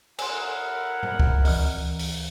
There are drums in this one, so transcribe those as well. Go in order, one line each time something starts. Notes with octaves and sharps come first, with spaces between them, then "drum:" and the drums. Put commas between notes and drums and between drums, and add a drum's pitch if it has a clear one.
E4 A#4 F#5 G#5 C6, drum: cymbal
drum: tom G#2
drum: kick C#2
D2 E3, drum: open hi-hat
drum: open hi-hat